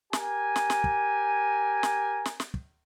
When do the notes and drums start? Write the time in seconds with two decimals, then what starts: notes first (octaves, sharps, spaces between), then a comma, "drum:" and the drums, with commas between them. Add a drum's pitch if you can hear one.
0.13 G4 A#4 G#5, drum: snare
0.56 drum: snare
0.70 drum: snare
0.84 drum: kick
1.83 drum: snare
2.25 drum: snare
2.40 drum: snare
2.54 drum: kick